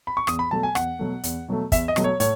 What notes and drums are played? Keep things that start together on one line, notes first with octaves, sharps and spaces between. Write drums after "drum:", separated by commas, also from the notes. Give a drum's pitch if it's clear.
B5
C#6
E2 D#6, drum: rim click
B5
B2 F#3 A3 A5
G#5
E2 F#5, drum: rim click
B2 F#3 A3
E2, drum: hi-hat
B2 F#3 A3
E2 E5, drum: kick, hi-hat
D#5
B2 F#3 A3, drum: rim click
C#5
A2 C#5, drum: hi-hat